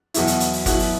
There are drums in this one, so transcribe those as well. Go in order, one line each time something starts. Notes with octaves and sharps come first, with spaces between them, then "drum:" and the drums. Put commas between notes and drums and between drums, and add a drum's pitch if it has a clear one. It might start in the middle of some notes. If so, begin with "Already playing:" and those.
E2 B2 F#3 E4, drum: hi-hat
drum: hi-hat
drum: hi-hat
drum: open hi-hat
B2 F#3 E4 F#5, drum: kick, hi-hat
drum: open hi-hat